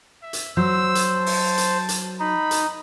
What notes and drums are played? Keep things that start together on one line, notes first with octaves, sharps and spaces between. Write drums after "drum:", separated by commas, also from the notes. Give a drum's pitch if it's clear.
E5
drum: hi-hat
F#3 C5 E6
drum: hi-hat
A5
drum: open hi-hat
drum: hi-hat
drum: hi-hat
D#4 B5
drum: hi-hat